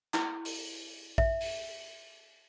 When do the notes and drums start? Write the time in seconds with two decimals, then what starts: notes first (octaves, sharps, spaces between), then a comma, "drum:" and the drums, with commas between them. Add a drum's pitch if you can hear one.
0.14 E4, drum: clap
0.45 drum: open hi-hat
1.18 E5, drum: kick
1.41 drum: open hi-hat